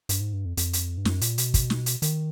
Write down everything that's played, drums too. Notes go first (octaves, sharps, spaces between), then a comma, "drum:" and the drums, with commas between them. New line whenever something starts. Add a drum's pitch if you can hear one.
G2, drum: hi-hat
G#2
G2
F2
F2, drum: hi-hat
drum: hi-hat
G2
F#2, drum: snare
A#2, drum: hi-hat
B2, drum: hi-hat
drum: kick, hi-hat
drum: snare
drum: hi-hat
D#3, drum: hi-hat